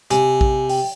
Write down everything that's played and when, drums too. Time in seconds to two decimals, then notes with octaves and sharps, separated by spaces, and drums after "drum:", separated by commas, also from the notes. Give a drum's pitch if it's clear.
0.11 C3 G#5, drum: hi-hat
0.41 drum: kick A#1
0.69 G5, drum: open hi-hat